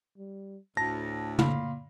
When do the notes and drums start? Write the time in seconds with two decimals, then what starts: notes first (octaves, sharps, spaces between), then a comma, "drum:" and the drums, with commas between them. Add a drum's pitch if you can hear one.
0.17 G3
0.77 D2 A2 A5 A#6
1.39 A#2 F5 B5, drum: tom